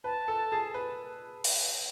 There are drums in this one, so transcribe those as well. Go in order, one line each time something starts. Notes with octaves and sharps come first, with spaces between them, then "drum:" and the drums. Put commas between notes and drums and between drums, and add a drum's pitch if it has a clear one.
B4 A5
A4
G#4
B4
drum: open hi-hat